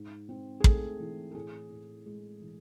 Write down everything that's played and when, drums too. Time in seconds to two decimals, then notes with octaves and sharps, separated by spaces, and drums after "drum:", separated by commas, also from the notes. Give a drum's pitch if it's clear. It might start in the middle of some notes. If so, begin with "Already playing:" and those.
Already playing: G#2
0.29 C4
0.60 G#4
0.64 A3 A4, drum: kick
1.00 E3
1.31 A4
1.35 A2 G#4
1.70 A2
2.06 G#3
2.41 E3